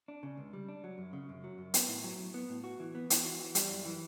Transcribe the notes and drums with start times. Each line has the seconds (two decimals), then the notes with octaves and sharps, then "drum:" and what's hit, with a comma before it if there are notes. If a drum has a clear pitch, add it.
0.08 D4
0.23 C#3
0.37 C#2
0.53 G3
0.68 D4
0.84 F#3
0.98 F#2
1.13 C#3
1.29 F#2
1.44 F#3
1.58 F#2
1.74 B3, drum: hi-hat
1.88 A2
2.04 F#3
2.19 A2
2.34 B3
2.49 A2
2.64 F#4
2.80 E3
2.95 B3
3.10 E3, drum: hi-hat
3.24 F#4
3.40 E3
3.55 G3, drum: hi-hat
3.70 F#2
3.85 E3